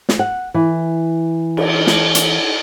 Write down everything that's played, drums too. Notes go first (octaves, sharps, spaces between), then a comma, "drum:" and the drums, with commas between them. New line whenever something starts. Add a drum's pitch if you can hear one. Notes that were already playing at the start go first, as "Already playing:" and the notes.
drum: snare
F#5
E3
drum: cymbal
drum: snare
drum: hi-hat